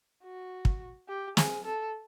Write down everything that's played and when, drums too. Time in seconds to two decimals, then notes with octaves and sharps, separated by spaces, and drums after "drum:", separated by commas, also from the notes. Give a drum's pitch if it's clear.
0.24 F#4
0.65 drum: kick
1.08 G4
1.37 G#4, drum: snare
1.65 A4